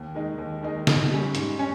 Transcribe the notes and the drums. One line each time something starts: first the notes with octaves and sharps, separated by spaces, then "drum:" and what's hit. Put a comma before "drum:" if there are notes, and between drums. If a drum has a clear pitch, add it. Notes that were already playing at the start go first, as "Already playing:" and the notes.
Already playing: D#2
D#3 G#3 D#4
D#2
D#3 G#3 D#4
G#2, drum: snare
G3 C#4
G#2, drum: hi-hat
C#4